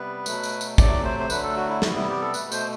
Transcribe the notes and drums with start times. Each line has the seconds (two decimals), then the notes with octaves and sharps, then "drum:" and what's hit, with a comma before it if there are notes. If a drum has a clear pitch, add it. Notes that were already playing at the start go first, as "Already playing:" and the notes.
Already playing: C3 G3 B3 B4
0.26 B2 F#3 A3, drum: tambourine
0.43 drum: tambourine
0.61 drum: tambourine
0.78 C3 F#3 A3 D5, drum: kick, tambourine
1.04 C5
1.19 C5
1.30 D3 F#3 A3 B4, drum: tambourine
1.43 A4
1.56 F#4
1.69 E4
1.82 C3 G3 B3 F#4, drum: snare
1.96 E4
2.09 G4
2.21 A4
2.34 B2 A3 B4, drum: tambourine
2.52 C5, drum: tambourine